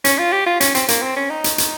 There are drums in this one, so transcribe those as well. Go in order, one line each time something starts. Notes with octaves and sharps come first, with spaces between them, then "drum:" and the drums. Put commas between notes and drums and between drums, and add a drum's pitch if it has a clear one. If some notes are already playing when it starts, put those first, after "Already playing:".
C#4, drum: hi-hat
F4
G4
F4
C#4, drum: hi-hat
C4, drum: hi-hat
A#3, drum: hi-hat
C4
C#4
D#4
drum: hi-hat
drum: hi-hat